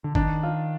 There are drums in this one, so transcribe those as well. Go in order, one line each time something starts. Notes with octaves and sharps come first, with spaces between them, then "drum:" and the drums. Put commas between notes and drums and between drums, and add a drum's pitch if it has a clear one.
D3
D#3 D4, drum: kick
F4